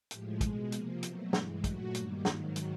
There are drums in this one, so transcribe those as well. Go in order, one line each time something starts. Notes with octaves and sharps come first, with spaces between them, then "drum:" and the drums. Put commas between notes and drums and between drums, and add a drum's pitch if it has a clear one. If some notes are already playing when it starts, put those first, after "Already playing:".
A2 F3 G#3 G4, drum: hi-hat
B2 G#3 G#4, drum: kick, hi-hat
C3 F3 A#3 G#4, drum: hi-hat
B2 F#3 A3 C5, drum: hi-hat
G2 E3 G#3 G4, drum: snare
A#2 F#3 A3 F#4, drum: kick, hi-hat
G2 D#3 G3 A#3, drum: hi-hat
G#2 D#3 F#3 F4, drum: snare
drum: hi-hat